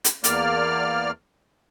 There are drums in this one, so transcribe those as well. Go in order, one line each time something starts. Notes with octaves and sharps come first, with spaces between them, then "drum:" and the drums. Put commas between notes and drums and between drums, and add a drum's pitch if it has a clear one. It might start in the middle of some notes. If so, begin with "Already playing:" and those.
drum: hi-hat
E2 A#3 D5 F6, drum: hi-hat